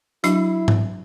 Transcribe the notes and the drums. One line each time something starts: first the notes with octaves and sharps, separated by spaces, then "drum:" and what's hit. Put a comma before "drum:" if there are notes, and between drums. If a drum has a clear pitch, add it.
F#3 D4 E4 F#4, drum: hi-hat
drum: tom G#2